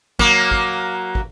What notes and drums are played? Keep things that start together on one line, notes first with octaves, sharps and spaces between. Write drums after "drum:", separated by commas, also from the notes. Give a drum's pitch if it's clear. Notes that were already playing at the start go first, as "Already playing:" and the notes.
F#3 A#3, drum: kick
drum: kick
drum: kick